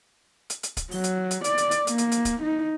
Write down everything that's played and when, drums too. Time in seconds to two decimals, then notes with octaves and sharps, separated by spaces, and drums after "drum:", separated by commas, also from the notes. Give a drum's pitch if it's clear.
0.50 drum: hi-hat
0.63 drum: hi-hat
0.77 drum: kick, hi-hat
0.91 F#3, drum: open hi-hat
1.04 drum: hi-hat
1.31 drum: hi-hat
1.44 D5, drum: hi-hat
1.58 drum: hi-hat
1.71 drum: hi-hat
1.87 A#3, drum: hi-hat
1.98 drum: hi-hat
2.12 drum: hi-hat
2.25 drum: kick, hi-hat
2.42 D#4